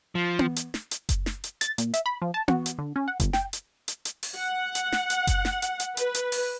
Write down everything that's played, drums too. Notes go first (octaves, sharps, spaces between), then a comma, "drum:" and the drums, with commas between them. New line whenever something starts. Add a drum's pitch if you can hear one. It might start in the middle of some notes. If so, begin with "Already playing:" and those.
F3
drum: tom B3
drum: hi-hat
drum: snare
drum: hi-hat
drum: kick F#1, hi-hat
drum: snare
drum: hi-hat
A6, drum: hi-hat
A#2, drum: hi-hat
E5, drum: hi-hat
B5
F3
A5
F#4, drum: tom B3
drum: hi-hat
D3
C#4
F#5
G1, drum: kick F#1, hi-hat
G5, drum: snare
drum: hi-hat
drum: hi-hat
drum: hi-hat
drum: open hi-hat
F#5
drum: hi-hat
drum: snare
drum: hi-hat
drum: kick F#1, hi-hat
drum: snare
drum: hi-hat
drum: hi-hat
B4, drum: hi-hat
drum: hi-hat
drum: open hi-hat